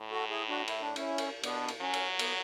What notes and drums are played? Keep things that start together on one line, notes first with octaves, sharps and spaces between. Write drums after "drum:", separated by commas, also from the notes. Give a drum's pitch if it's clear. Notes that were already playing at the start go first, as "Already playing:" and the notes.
Already playing: A2
F#4 A4
E4 G#4
D4 F#4
E4, drum: cymbal
D4
C#4 E4, drum: cymbal
drum: cymbal
B2 B3 D4, drum: cymbal
drum: cymbal
F#3 C#4
drum: cymbal
B3, drum: cymbal